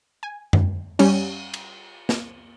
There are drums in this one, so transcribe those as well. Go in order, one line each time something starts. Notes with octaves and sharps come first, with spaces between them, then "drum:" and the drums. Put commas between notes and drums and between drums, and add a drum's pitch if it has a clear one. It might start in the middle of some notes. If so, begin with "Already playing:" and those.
G#5
drum: tom F#2
G3 C#4, drum: cymbal
drum: cymbal
drum: snare